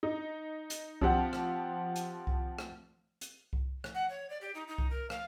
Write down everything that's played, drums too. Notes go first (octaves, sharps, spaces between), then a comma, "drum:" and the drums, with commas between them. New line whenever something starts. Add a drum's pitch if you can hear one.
D#4
drum: hi-hat
F3 C4 G4 F#5, drum: kick C2
drum: rim click
drum: hi-hat
drum: kick C2
drum: rim click
drum: hi-hat
drum: kick C2
drum: rim click
F#5
C#5
D5
G4
D#4
D#4
drum: kick C2
A#4
F5, drum: rim click